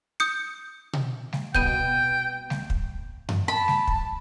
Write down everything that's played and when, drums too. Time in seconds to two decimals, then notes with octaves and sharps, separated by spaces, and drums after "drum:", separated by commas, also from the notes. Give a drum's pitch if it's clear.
0.20 D#6 G6 C#7
0.93 drum: tom B2
1.33 drum: snare G3
1.55 C2 B2 B3 G5 G6 D#7, drum: kick
2.50 drum: snare G3
2.70 drum: kick
3.29 drum: tom F#2
3.48 A5 B5
3.68 drum: snare G3
3.87 drum: kick